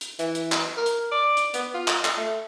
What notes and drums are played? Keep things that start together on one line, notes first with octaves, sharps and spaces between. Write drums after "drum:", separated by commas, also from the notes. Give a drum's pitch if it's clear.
drum: hi-hat
E3, drum: hi-hat
drum: hi-hat
drum: clap
A#4
drum: hi-hat
D5
drum: hi-hat
B3, drum: hi-hat
F4
drum: clap
drum: clap
A3